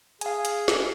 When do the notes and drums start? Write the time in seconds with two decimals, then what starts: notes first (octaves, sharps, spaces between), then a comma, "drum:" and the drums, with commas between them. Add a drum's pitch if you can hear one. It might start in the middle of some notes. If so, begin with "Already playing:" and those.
0.21 G#4 F5 G#5, drum: hi-hat
0.45 drum: hi-hat
0.68 drum: snare